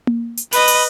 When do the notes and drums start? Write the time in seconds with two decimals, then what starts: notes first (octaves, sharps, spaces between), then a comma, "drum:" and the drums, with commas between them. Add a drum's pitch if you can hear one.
0.07 drum: tom A#3
0.37 drum: hi-hat
0.52 B4 D#5 B5, drum: open hi-hat
0.68 drum: open hi-hat